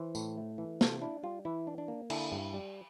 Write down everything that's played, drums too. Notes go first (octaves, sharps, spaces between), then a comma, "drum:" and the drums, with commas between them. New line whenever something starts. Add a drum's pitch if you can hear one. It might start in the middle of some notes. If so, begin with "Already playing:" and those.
Already playing: E3 C5
A2, drum: tambourine
A3
E3
C3 A4, drum: snare
D4 E4
G3 F4
E3 E4
D4
D4
A#3
D3 E4, drum: cymbal
G2
G3